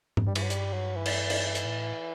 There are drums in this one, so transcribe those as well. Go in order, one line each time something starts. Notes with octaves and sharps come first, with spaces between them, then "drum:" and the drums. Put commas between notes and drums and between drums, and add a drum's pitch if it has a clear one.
F#2, drum: tom G#2
G2 G3
E3, drum: cymbal
F#3
G3, drum: hi-hat
F#3
E3
drum: cymbal
drum: cymbal
drum: hi-hat
A2